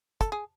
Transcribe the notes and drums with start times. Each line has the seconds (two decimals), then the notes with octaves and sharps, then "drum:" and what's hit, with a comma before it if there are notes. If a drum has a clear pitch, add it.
0.21 A4, drum: kick, hi-hat
0.32 G#4